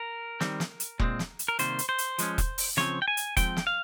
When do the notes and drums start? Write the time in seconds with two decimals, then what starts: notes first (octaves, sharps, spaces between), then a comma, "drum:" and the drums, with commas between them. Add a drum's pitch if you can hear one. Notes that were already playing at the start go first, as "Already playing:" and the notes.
Already playing: A#4
0.40 D#3 G3 C4, drum: snare
0.60 drum: snare
0.80 drum: hi-hat
0.99 A#2 G#3 C4, drum: kick E1
1.19 drum: snare
1.39 drum: hi-hat
1.48 A#4
1.59 C3 D#3 G3 A#3 C5, drum: hi-hat
1.79 drum: hi-hat
1.89 C5
1.98 drum: hi-hat
2.18 F3 G#3 C#4, drum: hi-hat
2.38 drum: kick E1, hi-hat
2.58 drum: open hi-hat
2.77 C#3 F3 C4 C#5, drum: snare
3.02 G5
3.08 G#5
3.17 drum: hi-hat
3.37 F3 G#3 C4 G5, drum: kick E1, hi-hat
3.57 drum: snare
3.67 F5